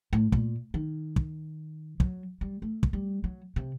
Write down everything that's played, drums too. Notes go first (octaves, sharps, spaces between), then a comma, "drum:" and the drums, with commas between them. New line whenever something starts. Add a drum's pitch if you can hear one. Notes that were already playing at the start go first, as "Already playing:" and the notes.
A2
A#2, drum: kick
D#3
drum: kick
F#3, drum: kick
G3
A3
drum: kick
G3
F#3
C3